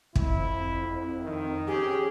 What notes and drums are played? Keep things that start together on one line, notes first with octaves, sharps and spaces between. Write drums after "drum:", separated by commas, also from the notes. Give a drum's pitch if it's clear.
F2 E4, drum: kick
D#3
C#4 G4 G#4